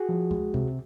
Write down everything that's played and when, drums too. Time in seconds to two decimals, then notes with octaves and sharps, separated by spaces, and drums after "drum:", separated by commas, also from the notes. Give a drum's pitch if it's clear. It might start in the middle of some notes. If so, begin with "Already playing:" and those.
Already playing: F#4 G#4
0.09 F3
0.31 G#3, drum: kick C#2
0.54 C3, drum: kick C#2